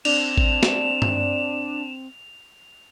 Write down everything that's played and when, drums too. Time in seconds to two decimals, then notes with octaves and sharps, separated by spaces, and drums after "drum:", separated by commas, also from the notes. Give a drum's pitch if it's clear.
0.05 C4 D4 E7 F7, drum: cymbal
0.38 drum: kick A1
0.63 drum: snare
1.02 drum: tom G2